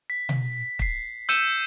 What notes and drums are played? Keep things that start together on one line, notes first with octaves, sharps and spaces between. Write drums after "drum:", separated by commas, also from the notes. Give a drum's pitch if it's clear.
B6
drum: tom B2
B6 C7, drum: kick
E6 G6 C#7 D#7 E7, drum: hi-hat